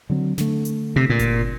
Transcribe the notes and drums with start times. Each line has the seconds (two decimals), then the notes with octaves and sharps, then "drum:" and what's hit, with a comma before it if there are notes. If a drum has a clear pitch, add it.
0.10 D3 F#3 C4
0.38 D3 A3, drum: snare
0.65 drum: hi-hat
0.96 C3
1.10 A#2
1.19 drum: kick G1, hi-hat